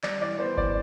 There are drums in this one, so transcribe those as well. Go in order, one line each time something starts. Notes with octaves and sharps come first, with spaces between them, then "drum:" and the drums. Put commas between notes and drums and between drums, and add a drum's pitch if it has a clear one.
G3 D5, drum: clap
E3 D5
B3 C5
E3 D5, drum: kick G1